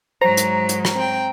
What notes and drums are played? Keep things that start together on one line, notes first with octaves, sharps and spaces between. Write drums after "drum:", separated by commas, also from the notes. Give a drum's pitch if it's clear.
G#2 F#3 C5 A#5
drum: hi-hat
drum: hi-hat
drum: rim click
C4 G5